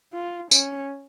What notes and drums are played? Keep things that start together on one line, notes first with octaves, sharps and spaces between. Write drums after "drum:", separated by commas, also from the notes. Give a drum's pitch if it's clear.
F4
C#4, drum: tambourine